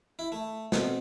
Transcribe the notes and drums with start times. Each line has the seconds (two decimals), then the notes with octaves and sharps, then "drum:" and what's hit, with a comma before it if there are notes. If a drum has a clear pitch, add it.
0.19 E4
0.32 A3
0.72 B2 C4, drum: snare